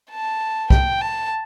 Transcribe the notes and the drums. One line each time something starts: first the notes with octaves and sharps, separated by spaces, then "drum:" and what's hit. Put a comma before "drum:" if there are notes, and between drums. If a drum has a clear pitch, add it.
A5
G5, drum: kick
A5